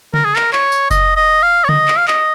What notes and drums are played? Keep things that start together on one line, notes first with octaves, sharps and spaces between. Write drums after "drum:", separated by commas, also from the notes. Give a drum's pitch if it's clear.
A#4, drum: tom C#3
G#4
A#4, drum: clap
C#5, drum: clap
drum: tambourine
D#5, drum: kick F#1, tambourine
D#5
F5
C#5
D#5, drum: tom C#3
drum: clap
F5
D#5, drum: clap